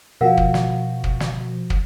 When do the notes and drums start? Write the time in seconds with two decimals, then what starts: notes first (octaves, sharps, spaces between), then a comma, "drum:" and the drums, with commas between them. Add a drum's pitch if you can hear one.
0.21 B2 F3 F#4 A#4 F5 F#5
0.37 drum: kick
0.54 drum: snare
1.04 drum: kick
1.20 drum: snare
1.70 drum: kick